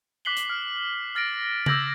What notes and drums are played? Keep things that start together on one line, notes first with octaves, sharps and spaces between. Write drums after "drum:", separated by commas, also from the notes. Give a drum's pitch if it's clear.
D6 F#6 B6 C7 F#7 G7
drum: hi-hat
F6
F6 A6 A#6 D7
D6 E6 G6 G#6 A#6 F#7, drum: tom C#3